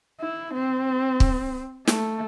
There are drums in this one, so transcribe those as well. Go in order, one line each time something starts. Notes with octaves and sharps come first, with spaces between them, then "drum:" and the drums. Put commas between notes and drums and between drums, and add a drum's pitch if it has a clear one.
E4
C4
drum: kick
A3, drum: snare